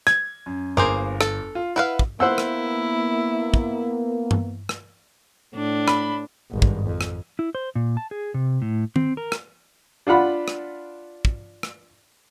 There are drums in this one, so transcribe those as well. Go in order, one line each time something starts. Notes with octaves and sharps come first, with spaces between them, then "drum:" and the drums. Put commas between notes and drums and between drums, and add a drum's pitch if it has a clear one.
G#6, drum: rim click
F#2
G1 A#3 G#4 C5 D6 F7
A4, drum: rim click
F4
E4 B4 F5 F#5
drum: kick
A#3 B3 E4 C5 F#5 E6
drum: rim click
drum: kick
drum: tom G2
drum: rim click
A2 D4
B5, drum: rim click
G#1 G2
drum: kick
F2
drum: rim click
E4
C5
A#2
A5
G#4
C3
A2
C4, drum: tom D#3
A#4
drum: rim click
D4 F4 F#5 B5
drum: rim click
drum: kick
drum: rim click